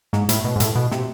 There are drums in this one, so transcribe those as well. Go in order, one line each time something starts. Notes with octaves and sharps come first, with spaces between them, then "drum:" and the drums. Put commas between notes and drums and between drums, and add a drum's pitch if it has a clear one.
G#2, drum: snare
A2, drum: hi-hat
B2
G#2
A2, drum: hi-hat
B2
C3, drum: snare